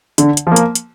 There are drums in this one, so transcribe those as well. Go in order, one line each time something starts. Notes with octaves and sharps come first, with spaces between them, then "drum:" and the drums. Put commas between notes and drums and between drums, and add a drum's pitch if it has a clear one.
D3, drum: hi-hat
drum: hi-hat
F3 A#3
drum: hi-hat
drum: hi-hat